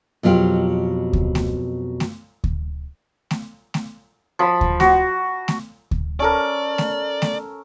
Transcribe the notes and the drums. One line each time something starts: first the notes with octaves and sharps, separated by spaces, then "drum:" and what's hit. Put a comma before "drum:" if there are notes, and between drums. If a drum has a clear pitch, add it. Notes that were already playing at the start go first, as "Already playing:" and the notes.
F2 B2 F#3 F4 G4
drum: kick D2
drum: snare A3
drum: snare A3
drum: kick D2
drum: snare A3
drum: snare A3
F3 B5
drum: kick D2
F#4, drum: snare A3
drum: snare A3
drum: kick D2
C#4 A4 A#4 D5
drum: snare A3
drum: snare A3